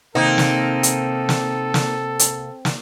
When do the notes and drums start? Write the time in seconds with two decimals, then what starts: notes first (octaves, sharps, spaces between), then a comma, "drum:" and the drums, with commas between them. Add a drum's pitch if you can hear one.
0.15 C3 D#3 A#3 C4 D#4 A4
0.38 drum: snare
0.83 drum: hi-hat
1.29 drum: snare
1.74 drum: snare
2.19 drum: hi-hat
2.65 drum: snare